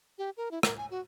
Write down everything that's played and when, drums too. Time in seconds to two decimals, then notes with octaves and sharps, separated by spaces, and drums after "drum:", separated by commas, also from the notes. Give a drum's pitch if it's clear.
0.18 G4
0.37 A#4
0.51 E4
0.63 A#4, drum: rim click
0.77 G#5
0.91 F#4